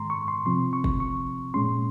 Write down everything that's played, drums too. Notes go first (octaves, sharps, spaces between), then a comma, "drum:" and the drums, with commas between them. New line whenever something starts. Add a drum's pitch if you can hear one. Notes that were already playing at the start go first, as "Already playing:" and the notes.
Already playing: G#2 D#3 G#3 A#5 C6
C#6
C6
C3 F3 C4 C6
C#6
drum: kick
C#6
A#2 G#3 C#4 C6